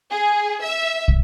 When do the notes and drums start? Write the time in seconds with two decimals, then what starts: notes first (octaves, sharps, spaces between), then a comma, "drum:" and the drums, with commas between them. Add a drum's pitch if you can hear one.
0.11 G#4
0.63 E5
1.08 drum: kick